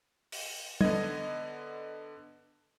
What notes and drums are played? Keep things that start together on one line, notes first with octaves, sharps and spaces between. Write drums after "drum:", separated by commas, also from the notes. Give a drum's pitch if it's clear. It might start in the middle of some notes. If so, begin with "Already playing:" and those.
drum: open hi-hat
D3 B3 D#5 G#6, drum: tom